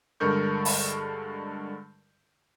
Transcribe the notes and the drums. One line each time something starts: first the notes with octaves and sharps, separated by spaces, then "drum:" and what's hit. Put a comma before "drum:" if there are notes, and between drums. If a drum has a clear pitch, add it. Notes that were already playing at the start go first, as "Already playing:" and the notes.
G2 D3 G#3 A#4 C#6 G6
drum: open hi-hat